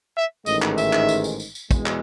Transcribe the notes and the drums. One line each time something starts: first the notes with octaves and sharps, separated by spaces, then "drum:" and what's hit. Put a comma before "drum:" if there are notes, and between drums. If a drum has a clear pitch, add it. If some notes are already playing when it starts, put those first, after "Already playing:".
E5
A1 G#2 D#3 G#3 D#5, drum: tambourine
drum: clap
E5, drum: tambourine
drum: clap
drum: tambourine
drum: tambourine
drum: tambourine
drum: tambourine
E2 B2 G#3, drum: kick, tambourine
drum: clap